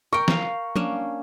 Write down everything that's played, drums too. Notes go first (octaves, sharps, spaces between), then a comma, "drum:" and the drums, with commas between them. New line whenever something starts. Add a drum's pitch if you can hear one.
A#4 G5 C#6
F5 A#5, drum: snare
A#3 C#4 D4, drum: tom